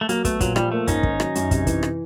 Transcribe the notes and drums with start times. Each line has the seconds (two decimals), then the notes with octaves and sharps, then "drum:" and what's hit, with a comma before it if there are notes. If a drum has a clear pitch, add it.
0.01 A3
0.09 F#3 A#3, drum: hi-hat
0.25 A3 B3, drum: kick, hi-hat
0.41 A#2 F#3, drum: kick, hi-hat
0.56 F3 G3, drum: rim click
0.72 A3 A#3
0.87 G#2 C#4 D#4, drum: kick, hi-hat
1.03 D#3, drum: kick
1.20 F#3, drum: rim click
1.35 F#2, drum: hi-hat
1.51 C3, drum: kick, hi-hat
1.67 E3, drum: kick, hi-hat
1.83 drum: rim click